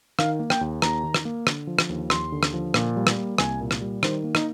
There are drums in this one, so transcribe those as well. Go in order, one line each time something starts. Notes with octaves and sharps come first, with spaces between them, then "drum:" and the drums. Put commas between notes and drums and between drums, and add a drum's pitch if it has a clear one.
D#3 F5, drum: rim click
A#3
G5, drum: rim click
D#2
D#2 A#5, drum: rim click
D#3
drum: rim click
A#3
D3, drum: rim click
F3
drum: rim click
D#2
D#2 C6, drum: rim click
D3
drum: rim click
F3
A#2, drum: rim click
G3
drum: rim click
A#3
C2 G#5, drum: rim click
A#2
drum: rim click
G3
D#3 C5, drum: rim click
A#3
D#4, drum: rim click